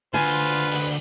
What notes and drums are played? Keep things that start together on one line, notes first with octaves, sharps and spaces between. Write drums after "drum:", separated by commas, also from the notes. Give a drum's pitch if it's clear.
D2 F4 B4 C5 G#5
drum: open hi-hat